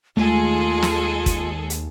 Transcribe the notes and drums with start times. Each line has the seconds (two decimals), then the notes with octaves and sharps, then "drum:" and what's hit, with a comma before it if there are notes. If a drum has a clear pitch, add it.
0.17 D#2 G#3 A3 F4 G#4 A4
0.82 drum: snare
1.26 drum: kick, hi-hat
1.70 drum: hi-hat